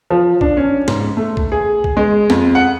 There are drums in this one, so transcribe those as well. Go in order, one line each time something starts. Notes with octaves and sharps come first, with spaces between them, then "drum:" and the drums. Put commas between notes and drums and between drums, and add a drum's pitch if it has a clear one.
F3
D4, drum: kick B1
C#4
G#2, drum: snare
A3
drum: kick B1
G#4
drum: kick B1
G#3
F2, drum: snare
F#5